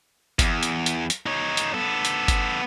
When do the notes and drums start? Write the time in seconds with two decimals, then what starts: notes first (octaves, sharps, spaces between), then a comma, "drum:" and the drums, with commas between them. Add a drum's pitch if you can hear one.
0.39 E2, drum: kick G1, hi-hat
0.63 drum: hi-hat
0.86 drum: hi-hat
1.10 drum: hi-hat
1.26 D#4 C#5
1.57 drum: hi-hat
1.74 B3 A4
2.05 drum: hi-hat
2.28 drum: kick G1, hi-hat